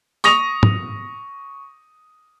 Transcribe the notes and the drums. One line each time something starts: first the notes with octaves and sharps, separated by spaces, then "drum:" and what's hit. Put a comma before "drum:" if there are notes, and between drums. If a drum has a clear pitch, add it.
C#6 D#6 A#6 F7, drum: tambourine
drum: tom